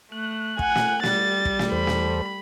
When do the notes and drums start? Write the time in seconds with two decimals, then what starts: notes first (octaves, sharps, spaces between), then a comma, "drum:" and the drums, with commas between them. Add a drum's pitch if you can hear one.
0.12 A3 F#6
0.59 F#5 G#5, drum: kick
0.75 drum: snare
1.03 G3 A6, drum: snare
1.45 drum: kick
1.59 drum: snare
1.72 E2 A4 C5 B5
1.87 drum: snare